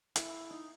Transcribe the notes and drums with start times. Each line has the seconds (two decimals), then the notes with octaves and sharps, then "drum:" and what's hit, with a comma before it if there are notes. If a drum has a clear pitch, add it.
0.16 E4, drum: hi-hat
0.51 D#4